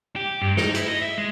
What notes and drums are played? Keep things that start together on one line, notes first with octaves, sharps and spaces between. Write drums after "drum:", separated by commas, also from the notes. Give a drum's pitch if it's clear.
G4
G2
D#4, drum: snare
E4, drum: hi-hat
D#5
E5
G#3